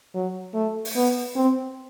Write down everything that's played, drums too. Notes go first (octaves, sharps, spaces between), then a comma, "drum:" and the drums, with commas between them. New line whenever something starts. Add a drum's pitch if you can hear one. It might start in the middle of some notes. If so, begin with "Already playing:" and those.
F#3
A3
drum: open hi-hat
B3
C4